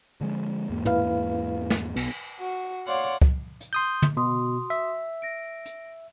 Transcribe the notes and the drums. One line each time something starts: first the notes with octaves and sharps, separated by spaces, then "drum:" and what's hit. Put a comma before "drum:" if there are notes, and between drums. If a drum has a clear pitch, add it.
D3 F3 G#3
E2 G#2 A#3
E4 B4 F5, drum: tom
drum: snare
B1 B3, drum: cymbal
F#4
C#5 D5 F5 F#5 C6
drum: kick
drum: hi-hat
C6 D#6 G6 G7
drum: tom
B2 F#4 C6 D#6
E5
A#6 D7
drum: hi-hat